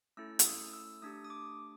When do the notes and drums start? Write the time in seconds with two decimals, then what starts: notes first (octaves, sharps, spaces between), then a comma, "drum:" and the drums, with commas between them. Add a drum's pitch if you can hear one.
0.17 A3 C#4 E4 A4 E6
0.39 E6, drum: hi-hat
0.46 D#6
0.73 E6
1.02 A3 D4 G4 D#6
1.24 D#6
1.30 D6